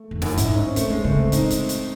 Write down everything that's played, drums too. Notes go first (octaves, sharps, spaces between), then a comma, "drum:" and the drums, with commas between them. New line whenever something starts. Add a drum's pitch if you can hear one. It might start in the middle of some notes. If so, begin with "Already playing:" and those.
Already playing: A3
E2
F#2, drum: snare
E4
A2, drum: hi-hat
G#2 D#4
C#4
C4
A2 A3, drum: hi-hat
G#3
C#3 A3
C4
A2 D#4, drum: hi-hat
drum: hi-hat
drum: hi-hat